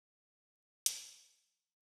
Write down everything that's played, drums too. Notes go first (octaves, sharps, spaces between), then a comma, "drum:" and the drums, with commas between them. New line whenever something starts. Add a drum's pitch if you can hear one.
C4
C#4
C4, drum: hi-hat
A#3
F#3